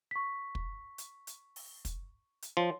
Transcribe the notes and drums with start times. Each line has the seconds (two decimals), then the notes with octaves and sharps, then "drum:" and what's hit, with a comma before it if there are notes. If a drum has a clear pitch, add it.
0.11 C#6 B6
0.55 drum: kick
0.98 drum: hi-hat
1.27 drum: hi-hat
1.56 drum: open hi-hat
1.85 drum: kick, hi-hat
2.42 drum: hi-hat
2.57 F3 C#5 C6